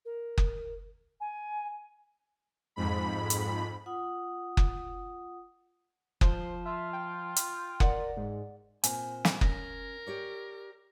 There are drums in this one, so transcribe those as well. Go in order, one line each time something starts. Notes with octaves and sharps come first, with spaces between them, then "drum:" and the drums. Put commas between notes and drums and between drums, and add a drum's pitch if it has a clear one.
A#4
drum: kick F#1
G#5
F2 G#2 B5
drum: hi-hat
F4 F#5 D#6
drum: kick F#1
F3 C5, drum: kick F#1
F4 E5
G5
drum: hi-hat
A#4 D5 F#5, drum: kick F#1
G#2
A#2 C4 G#5, drum: hi-hat
drum: snare
C#4 A#4, drum: kick F#1
G4 C#5 D5